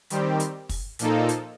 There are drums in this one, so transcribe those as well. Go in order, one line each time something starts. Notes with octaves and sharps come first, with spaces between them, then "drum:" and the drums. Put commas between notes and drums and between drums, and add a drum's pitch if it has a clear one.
D#3 G3 C4 G4, drum: hi-hat
drum: hi-hat
drum: kick, open hi-hat
A#2 F3 A#3 D#4 A4, drum: hi-hat
drum: hi-hat